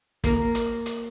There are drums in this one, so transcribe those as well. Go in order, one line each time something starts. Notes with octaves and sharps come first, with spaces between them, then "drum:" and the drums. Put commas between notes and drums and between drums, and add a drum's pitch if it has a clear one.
A#3 A#4, drum: kick, hi-hat
drum: hi-hat
drum: hi-hat